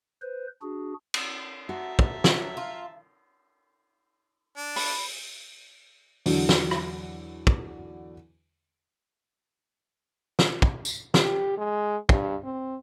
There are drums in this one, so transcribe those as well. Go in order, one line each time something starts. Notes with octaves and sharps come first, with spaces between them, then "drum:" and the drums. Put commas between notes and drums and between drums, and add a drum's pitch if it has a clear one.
B4 C5
D4 F#4 G#4
drum: cymbal
F#4 E5 A5 A#5
drum: kick
drum: snare
F#3
F4
D4
B5, drum: open hi-hat
E2 D3 F#3, drum: open hi-hat
drum: snare
drum: rim click
drum: kick
drum: snare
drum: kick
drum: tambourine
G4, drum: snare
G#3
G2, drum: kick
C4